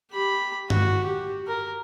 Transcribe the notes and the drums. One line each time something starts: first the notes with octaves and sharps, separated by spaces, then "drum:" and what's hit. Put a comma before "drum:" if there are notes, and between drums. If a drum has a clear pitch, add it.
G4 B5
F#4, drum: tom G2
G4
A#4